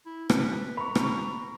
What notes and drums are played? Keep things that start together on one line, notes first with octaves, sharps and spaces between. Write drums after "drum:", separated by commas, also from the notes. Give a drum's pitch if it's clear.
E4
B4, drum: rim click
A#5 B5 C#6
drum: rim click